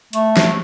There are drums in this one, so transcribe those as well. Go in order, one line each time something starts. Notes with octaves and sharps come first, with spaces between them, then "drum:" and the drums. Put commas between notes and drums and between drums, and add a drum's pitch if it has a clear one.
A3, drum: hi-hat
drum: snare